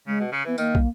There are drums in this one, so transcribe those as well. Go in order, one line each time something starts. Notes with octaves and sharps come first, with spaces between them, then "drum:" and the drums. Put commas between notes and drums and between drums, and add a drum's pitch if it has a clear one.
C#3 G#3
B2
C#3
E3 B3
D#3 A#3, drum: tambourine
drum: kick